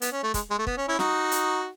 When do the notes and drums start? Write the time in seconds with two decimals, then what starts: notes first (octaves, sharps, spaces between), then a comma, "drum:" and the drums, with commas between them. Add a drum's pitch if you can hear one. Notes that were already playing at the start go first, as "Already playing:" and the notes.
0.02 B3, drum: hi-hat
0.12 C#4
0.23 A3
0.34 G#3, drum: kick, hi-hat
0.50 G#3
0.58 A3
0.67 B3, drum: kick
0.77 C#4
0.88 C#4 E4
0.99 D#4 F#4, drum: snare
1.31 drum: hi-hat